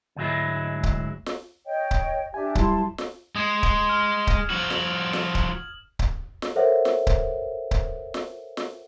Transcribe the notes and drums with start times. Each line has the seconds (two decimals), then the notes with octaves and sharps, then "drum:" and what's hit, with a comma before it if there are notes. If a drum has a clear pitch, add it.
0.16 D2 G#2 F#3 G#3 E4
0.83 drum: kick C#1
1.26 drum: snare
1.66 C#5 D#5 G5
1.91 drum: kick C#1
2.34 D4 G4 E5 G#5
2.55 F#3 G3 E4 A5 C6, drum: kick C#1
2.98 drum: snare
3.36 G#3 D#6 G#6 E7
3.63 drum: kick C#1
3.89 F6
4.27 drum: kick C#1
4.50 F3 F#4 F#7
4.70 drum: snare
5.13 drum: snare
5.35 drum: kick C#1
5.99 drum: kick C#1
6.42 drum: snare
6.56 A4 A#4 C5 C#5 E5 F#5
6.85 drum: snare
7.07 drum: kick C#1
7.71 drum: kick C#1
8.14 drum: snare
8.57 drum: snare